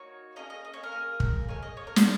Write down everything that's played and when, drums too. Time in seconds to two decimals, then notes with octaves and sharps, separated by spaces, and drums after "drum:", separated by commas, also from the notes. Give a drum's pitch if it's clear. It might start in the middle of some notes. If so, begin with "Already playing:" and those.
Already playing: A#3 D#4 F#4 C#5
0.36 A#3 C#4 G#4 D#5
0.50 D#5
0.65 D#5
0.74 C#5
0.83 A#4
0.92 A#3 D#4 G#4
1.20 drum: kick
1.48 A#3 D#4 G#4 C#5
1.62 D#5
1.77 C#5
1.87 A#4
1.96 C#5, drum: snare